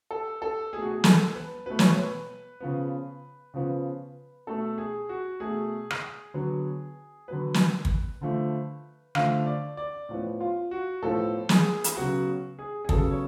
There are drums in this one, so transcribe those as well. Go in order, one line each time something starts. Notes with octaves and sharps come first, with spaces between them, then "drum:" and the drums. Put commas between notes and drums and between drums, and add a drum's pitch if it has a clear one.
A4
A4
B2 A3 G#4
F#4
G#4
A4, drum: snare
B4
B2 A3 B4
C#5, drum: snare
B4
C#3 F3 B3
C#3 F3 B3
B2 A3 A4
G#4
F#4
B2 A3 G#4
drum: rim click
D3 F#3 B3
D3 F#3 B3 B4
drum: snare
drum: kick
D3 F3 A3
D3 F3 A3 F5, drum: rim click
D5
D5
A2 F3 B3
F4
F#4
A2 F3 B3 A4
G#4, drum: snare
drum: hi-hat
C#3 F#3 B3 F#4
G#4
G#4
C#3 F#3 B3 A4, drum: kick
C#5